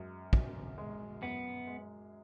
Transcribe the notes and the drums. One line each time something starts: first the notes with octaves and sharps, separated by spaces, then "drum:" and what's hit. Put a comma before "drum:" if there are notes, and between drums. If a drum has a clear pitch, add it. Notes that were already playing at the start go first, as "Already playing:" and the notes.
Already playing: F#2 G#3
F#2, drum: kick
G#3
F#2 B3
G#3